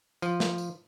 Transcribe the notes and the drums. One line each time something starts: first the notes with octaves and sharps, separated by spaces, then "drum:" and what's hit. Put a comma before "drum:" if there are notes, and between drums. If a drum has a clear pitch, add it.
F3, drum: tambourine
drum: snare
drum: tambourine